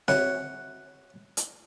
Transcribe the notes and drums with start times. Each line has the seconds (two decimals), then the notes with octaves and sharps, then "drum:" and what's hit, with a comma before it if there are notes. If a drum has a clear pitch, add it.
0.08 F#4 C#5 E5 F#5 G#5, drum: snare C4
1.37 drum: hi-hat